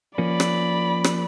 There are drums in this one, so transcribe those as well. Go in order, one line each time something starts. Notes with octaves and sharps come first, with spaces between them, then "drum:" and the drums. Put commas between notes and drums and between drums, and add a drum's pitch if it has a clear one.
F3 A#3 C#4 D5 B5
drum: rim click
drum: rim click